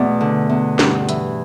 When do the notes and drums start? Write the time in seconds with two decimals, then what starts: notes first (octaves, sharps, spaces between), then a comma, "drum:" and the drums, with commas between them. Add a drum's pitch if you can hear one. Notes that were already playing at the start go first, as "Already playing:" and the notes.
Already playing: E2 B2 A3 D5
0.21 D3
0.49 E2
0.79 G2, drum: snare
1.09 E3, drum: hi-hat